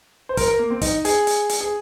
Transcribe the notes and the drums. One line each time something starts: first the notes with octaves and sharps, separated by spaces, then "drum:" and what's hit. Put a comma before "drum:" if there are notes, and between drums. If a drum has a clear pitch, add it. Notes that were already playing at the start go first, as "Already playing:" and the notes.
C5
A#4, drum: kick, hi-hat
A#4
A#3
C4
D#4, drum: kick, hi-hat
G#4, drum: hi-hat
drum: hi-hat
drum: hi-hat
G#4